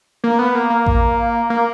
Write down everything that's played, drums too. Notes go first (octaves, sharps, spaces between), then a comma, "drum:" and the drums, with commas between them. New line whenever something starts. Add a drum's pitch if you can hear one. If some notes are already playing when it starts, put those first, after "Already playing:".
A#3
B3
A#3
A#3
drum: kick A1
A#3